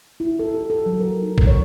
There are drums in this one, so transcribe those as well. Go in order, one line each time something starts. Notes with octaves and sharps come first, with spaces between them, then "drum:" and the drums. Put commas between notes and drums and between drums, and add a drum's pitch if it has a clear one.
E4
A4
G4
A4
F#3
A#4
D#4
drum: kick
C#5